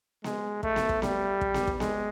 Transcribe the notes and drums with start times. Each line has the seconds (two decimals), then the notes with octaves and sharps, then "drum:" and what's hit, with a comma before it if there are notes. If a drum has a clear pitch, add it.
0.24 G#3, drum: snare B3
0.63 A3, drum: kick
0.76 drum: snare B3
0.89 drum: kick
1.02 G3, drum: snare B3
1.41 drum: kick
1.54 drum: snare B3
1.67 drum: kick
1.80 G#3, drum: snare B3